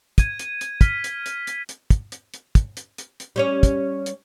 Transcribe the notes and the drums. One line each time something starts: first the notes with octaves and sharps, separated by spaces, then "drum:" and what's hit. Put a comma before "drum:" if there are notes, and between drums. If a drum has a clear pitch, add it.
G#6 D#7, drum: kick, hi-hat
drum: hi-hat
drum: hi-hat
F6 B6, drum: kick, hi-hat
drum: hi-hat
drum: hi-hat
drum: hi-hat
drum: hi-hat
drum: kick, hi-hat
drum: hi-hat
drum: hi-hat
drum: kick, hi-hat
drum: hi-hat
drum: hi-hat
drum: hi-hat
G3 C#4 C#5
drum: kick, hi-hat
drum: hi-hat